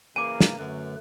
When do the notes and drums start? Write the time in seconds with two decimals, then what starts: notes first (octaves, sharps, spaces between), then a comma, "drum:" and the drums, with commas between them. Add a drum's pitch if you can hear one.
0.16 C#3 E3 A#3 G#5 D6 D#7
0.41 drum: snare
0.59 F#2 D3 A3 B4